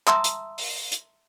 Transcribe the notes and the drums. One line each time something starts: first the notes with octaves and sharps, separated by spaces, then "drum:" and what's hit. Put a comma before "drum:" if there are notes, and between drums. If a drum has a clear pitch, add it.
E5 A5 A#5 C6 D#6 E6, drum: clap
drum: hi-hat
drum: open hi-hat
drum: hi-hat